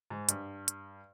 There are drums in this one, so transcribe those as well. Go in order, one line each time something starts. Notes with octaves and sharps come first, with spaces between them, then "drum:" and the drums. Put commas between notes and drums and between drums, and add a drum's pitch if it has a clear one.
G#2
G2, drum: hi-hat
drum: hi-hat